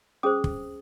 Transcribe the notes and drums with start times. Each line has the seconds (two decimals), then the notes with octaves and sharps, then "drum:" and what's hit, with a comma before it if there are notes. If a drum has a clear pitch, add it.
0.23 C#4 G#4 C5 D#6
0.44 drum: kick